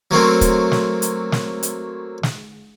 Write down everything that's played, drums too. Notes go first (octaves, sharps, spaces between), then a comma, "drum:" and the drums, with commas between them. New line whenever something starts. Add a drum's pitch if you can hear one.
F#3 A3 A#3 C4
drum: kick, hi-hat
drum: snare
drum: hi-hat
drum: snare
drum: hi-hat
drum: snare